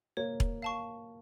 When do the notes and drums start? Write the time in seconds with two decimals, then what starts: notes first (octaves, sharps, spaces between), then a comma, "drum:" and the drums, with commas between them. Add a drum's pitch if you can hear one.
0.17 A#3 C#5
0.40 drum: kick E1
0.62 F5 A5 C#6